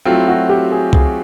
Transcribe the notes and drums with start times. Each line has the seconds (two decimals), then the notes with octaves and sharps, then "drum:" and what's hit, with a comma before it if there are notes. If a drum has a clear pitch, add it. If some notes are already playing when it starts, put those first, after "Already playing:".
0.05 F#3 A3 C4 E4 F4
0.28 F#4
0.49 G4
0.72 G#4
0.93 G#4, drum: kick C2